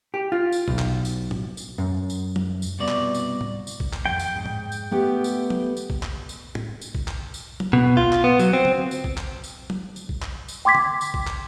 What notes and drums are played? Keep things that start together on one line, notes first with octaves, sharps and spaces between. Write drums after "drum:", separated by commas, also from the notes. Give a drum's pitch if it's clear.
G4
F4
drum: tambourine
B1, drum: kick
drum: clap
drum: tambourine
drum: tom
drum: tambourine
F#2
drum: tambourine
drum: tom
drum: tambourine
C2 B2 D5
drum: clap
drum: tambourine
drum: tom A2
drum: tambourine
drum: kick
drum: clap
F2 G5
drum: tambourine
G#2
drum: tom A2
drum: tambourine
A3 B3 G4
drum: tambourine
drum: tom
drum: tambourine
drum: kick
drum: clap
drum: tambourine
drum: tom
drum: tambourine
drum: kick
drum: clap
drum: tambourine
drum: tom
B2
F4, drum: kick
drum: clap
B3
F#3, drum: tambourine
C4
drum: tom
drum: tambourine
drum: kick
drum: clap
drum: tambourine
drum: tom
drum: tambourine
drum: kick
drum: clap
drum: tambourine
G5 C6 D6 G#6 B6
drum: tom
drum: tambourine
drum: kick
drum: clap